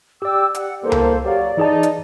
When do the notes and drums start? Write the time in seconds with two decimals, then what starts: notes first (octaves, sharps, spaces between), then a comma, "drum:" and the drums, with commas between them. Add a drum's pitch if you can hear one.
0.22 G4 D5 G5 D6 E6
0.55 F#5, drum: hi-hat
0.83 E2 G2 A#3 A4 C5
0.92 drum: tom C#2
1.24 F#3 G4 D5 F5
1.57 E3 D#4 G#4 A5
1.83 drum: hi-hat